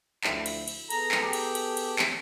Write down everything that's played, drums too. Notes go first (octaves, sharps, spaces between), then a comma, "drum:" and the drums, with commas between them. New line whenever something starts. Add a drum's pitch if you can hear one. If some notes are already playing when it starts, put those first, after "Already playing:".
D2 F3 E4, drum: clap
drum: cymbal
drum: cymbal
B3 G#4 A4 A#5, drum: cymbal
drum: clap
G4
drum: cymbal
drum: cymbal
drum: cymbal
drum: clap